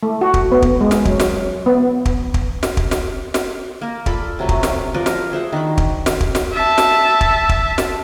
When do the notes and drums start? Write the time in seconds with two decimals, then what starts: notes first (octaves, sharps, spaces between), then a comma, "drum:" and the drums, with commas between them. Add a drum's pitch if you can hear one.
0.03 A3
0.21 F#4
0.34 drum: kick
0.52 B3
0.62 drum: kick
0.81 G#3
0.91 drum: snare
1.05 F#3, drum: kick
1.20 drum: snare
1.66 B3
2.05 drum: kick
2.34 drum: kick
2.63 drum: snare
2.77 drum: kick
2.91 drum: snare
3.34 drum: snare
3.81 A#3 A#4
4.06 F4 A4 D5 B5, drum: kick
4.39 C3 F#3 A3
4.49 drum: kick
4.63 drum: snare
4.94 F3 A#4 B4 D5
5.06 drum: snare
5.32 G#4 C5 E5 F#5
5.53 D#3 D4 F#4 B5
5.78 drum: kick
6.06 drum: snare
6.21 drum: kick
6.35 drum: snare
6.53 E5 A5
6.78 drum: snare
7.21 drum: kick
7.49 drum: kick
7.78 drum: snare